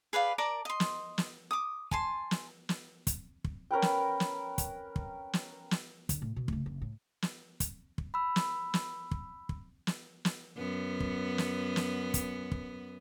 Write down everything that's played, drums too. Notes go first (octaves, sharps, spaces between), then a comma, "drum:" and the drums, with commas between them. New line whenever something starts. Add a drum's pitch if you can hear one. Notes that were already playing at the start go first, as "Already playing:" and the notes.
G#4 B4 D5 F5
A#4 D5 A5 D6
D#5 C6
drum: snare
drum: snare
D6 D#6
G#5 A5 C6, drum: kick
drum: snare
drum: snare
drum: kick, hi-hat
drum: kick
C#4 A#4 B4 G5
drum: snare
drum: snare
drum: kick, hi-hat
drum: kick
drum: snare
drum: snare
D3, drum: kick, hi-hat
A2
B2
C#3 A3, drum: kick
F#1
A2
drum: snare
drum: kick, hi-hat
drum: kick
B5 E6
drum: snare
drum: snare
drum: kick
drum: kick
drum: snare
drum: snare
F#2 B3
drum: kick
drum: snare
drum: snare
drum: kick, hi-hat
drum: kick